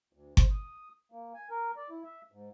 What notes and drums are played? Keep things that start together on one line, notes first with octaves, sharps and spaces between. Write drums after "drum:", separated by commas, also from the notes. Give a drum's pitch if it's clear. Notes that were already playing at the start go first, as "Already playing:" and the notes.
D2
C5, drum: kick G1
D#6
A#3
G#5
A#4
D5
E4
E5
G#2